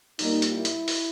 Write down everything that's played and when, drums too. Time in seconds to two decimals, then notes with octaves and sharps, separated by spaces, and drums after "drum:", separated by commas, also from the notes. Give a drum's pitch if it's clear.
0.19 A#2 G3 A#3 D#4, drum: open hi-hat
0.42 drum: hi-hat
0.54 E4
0.65 drum: hi-hat
0.88 drum: open hi-hat